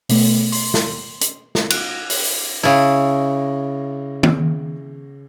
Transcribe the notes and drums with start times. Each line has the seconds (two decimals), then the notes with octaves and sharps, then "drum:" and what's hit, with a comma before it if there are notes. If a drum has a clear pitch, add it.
0.09 B2 A3, drum: open hi-hat
0.52 C6, drum: open hi-hat
0.74 drum: snare
1.21 drum: hi-hat
1.55 drum: snare
1.70 F#6, drum: cymbal
2.10 drum: open hi-hat
2.63 C#3 E4
4.23 drum: tom